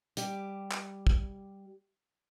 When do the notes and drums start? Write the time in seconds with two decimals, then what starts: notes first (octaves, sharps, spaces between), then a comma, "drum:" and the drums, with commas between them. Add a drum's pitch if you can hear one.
0.17 G3 G4, drum: hi-hat
0.71 drum: clap
1.07 drum: kick